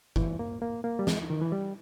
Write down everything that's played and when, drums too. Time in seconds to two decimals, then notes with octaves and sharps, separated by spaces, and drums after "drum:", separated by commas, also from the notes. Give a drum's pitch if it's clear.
0.16 E3, drum: kick F#1
0.39 A#3
0.62 A#3
0.84 A#3
0.99 G3
1.07 G#3, drum: snare
1.30 D#3
1.41 E3
1.52 G3